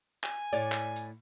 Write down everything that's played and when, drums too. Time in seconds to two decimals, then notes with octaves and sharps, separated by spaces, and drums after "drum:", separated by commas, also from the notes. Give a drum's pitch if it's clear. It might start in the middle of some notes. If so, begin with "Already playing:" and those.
0.24 G#5, drum: clap
0.53 A2 C#5 D5
0.72 drum: clap
0.96 drum: hi-hat